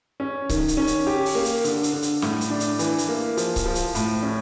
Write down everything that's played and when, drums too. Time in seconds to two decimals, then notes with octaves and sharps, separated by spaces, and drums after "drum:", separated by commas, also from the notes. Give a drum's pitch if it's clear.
0.20 C#4
0.49 D#3, drum: kick C#1, hi-hat
0.68 drum: hi-hat
0.77 C#4
0.87 drum: hi-hat
1.07 G4
1.26 drum: open hi-hat
1.35 A#3
1.45 drum: hi-hat
1.64 D3, drum: hi-hat
1.83 drum: hi-hat
1.93 D3
2.02 drum: hi-hat
2.22 A2, drum: snare
2.41 drum: hi-hat
2.50 D4
2.60 drum: hi-hat
2.79 E3, drum: hi-hat
2.98 drum: hi-hat
3.09 A#3
3.37 F3, drum: hi-hat
3.56 drum: kick C#1, hi-hat
3.66 F3
3.75 drum: hi-hat
3.95 A2, drum: hi-hat
4.23 C#4